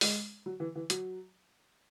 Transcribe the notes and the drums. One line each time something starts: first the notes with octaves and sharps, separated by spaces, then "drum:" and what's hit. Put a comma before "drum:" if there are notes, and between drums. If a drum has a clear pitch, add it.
G#3, drum: open hi-hat
F#3
E3
E3
F#3, drum: hi-hat